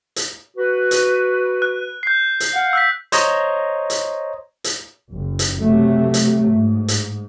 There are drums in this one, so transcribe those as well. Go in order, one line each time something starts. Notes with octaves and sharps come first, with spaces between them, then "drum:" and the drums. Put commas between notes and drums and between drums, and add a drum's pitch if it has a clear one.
drum: hi-hat
F#4 B4
drum: hi-hat
F#6
G6 C7
drum: hi-hat
F5 F#5
E6 F#6 B6
C5 C#5 D#5 A#5, drum: hi-hat
drum: hi-hat
drum: hi-hat
F#1
drum: hi-hat
C3 F#3 A3
drum: hi-hat
G#2
drum: hi-hat